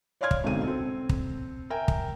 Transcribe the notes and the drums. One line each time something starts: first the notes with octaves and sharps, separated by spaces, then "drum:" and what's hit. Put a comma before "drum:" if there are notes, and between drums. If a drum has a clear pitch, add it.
C#5 D5 F5 C6 F6 G#6
drum: kick
B1 G#2 D3 C4 D#7
C4 A4
drum: kick
A#4 E5 G5 G#5
drum: kick